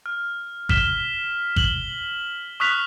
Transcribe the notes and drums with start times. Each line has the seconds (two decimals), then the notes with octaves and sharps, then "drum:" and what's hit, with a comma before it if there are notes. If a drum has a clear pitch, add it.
0.06 F6
0.69 F6 B6 E7 G7, drum: kick G#1
1.56 F#7 G7, drum: kick G#1
2.60 C#6 D#6 F6 F#6 B6 F7